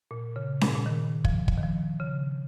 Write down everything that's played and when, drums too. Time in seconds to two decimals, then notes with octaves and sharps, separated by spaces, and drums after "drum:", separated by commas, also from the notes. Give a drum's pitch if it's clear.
0.11 A#2
0.36 C#3
0.61 A#2, drum: snare C#4
0.68 G#2
0.75 A#2
0.86 D#3
1.25 F3, drum: kick
1.48 drum: kick
1.57 D#3
1.63 F3
2.00 C#3